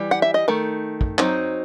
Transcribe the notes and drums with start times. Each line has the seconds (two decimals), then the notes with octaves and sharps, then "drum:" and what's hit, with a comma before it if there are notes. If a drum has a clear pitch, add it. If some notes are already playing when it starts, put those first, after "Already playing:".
Already playing: E3 G3
0.11 F#5
0.22 E5
0.34 D#5
0.48 D#3 A3
1.01 drum: kick
1.18 F#3 C4 D#4, drum: clap